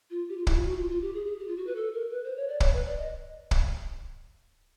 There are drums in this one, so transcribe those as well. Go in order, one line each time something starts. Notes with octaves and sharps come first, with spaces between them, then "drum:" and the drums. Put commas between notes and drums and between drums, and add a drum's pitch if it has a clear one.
F4
G4
F4
E4, drum: kick
F4
F#4
F4
F4
G4
G#4
G#4
G4
F4
F#4
B4
A4
A#4
B4
C5
C#5
D5
C#5, drum: kick
B4
D5
D#5
drum: kick